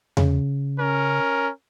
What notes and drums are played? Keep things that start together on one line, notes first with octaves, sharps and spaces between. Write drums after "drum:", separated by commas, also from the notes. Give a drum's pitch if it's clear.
C#3, drum: tom E2
C#4 A#4